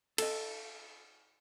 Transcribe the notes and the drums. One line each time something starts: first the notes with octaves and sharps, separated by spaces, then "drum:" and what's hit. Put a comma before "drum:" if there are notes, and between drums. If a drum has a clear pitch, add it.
A4 D#5, drum: cymbal